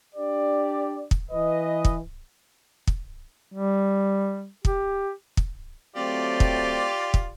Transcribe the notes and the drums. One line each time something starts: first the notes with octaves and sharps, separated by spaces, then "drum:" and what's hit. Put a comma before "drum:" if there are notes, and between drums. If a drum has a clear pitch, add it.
D4 G4 D5
drum: kick
E3 B4 D#5
drum: kick
drum: kick
G3
G4, drum: kick
drum: kick
F#3 A3 C4 F4 G4 D5
drum: kick
drum: kick